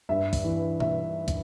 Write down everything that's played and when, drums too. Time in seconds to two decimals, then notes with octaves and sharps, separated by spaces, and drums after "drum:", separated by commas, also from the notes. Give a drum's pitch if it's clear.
0.09 G2 E5
0.33 drum: kick, open hi-hat
0.44 E3
0.80 E5, drum: tom B2
1.28 drum: kick, hi-hat